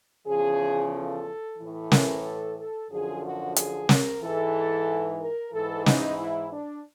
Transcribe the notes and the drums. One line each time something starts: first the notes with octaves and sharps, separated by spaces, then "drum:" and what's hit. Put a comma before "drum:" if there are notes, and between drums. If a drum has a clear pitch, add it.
E2 C#3 F3 G#4
A4
A2 E3
A#4, drum: snare
A4
A4
F#2 D3 F3 G#4
F#4
G#4, drum: hi-hat
A#4, drum: snare
G#2 E3 A4
A#4
G#2 E3 A4
D#4, drum: snare
E4
D4